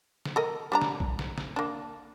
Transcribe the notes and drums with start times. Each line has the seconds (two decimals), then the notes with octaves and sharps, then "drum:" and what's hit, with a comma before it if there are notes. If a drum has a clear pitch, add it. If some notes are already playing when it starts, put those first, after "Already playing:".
0.25 drum: snare
0.36 A4 A#4 D#5
0.72 G3 D4 A#5
0.82 drum: snare
1.00 drum: kick
1.19 drum: snare
1.38 drum: snare
1.56 A#3 D4